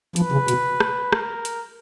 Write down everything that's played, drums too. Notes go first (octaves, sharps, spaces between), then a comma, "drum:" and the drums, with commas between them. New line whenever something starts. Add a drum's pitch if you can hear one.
F3 B4, drum: hi-hat
C#3
B2, drum: hi-hat
drum: rim click
A#4, drum: rim click
drum: hi-hat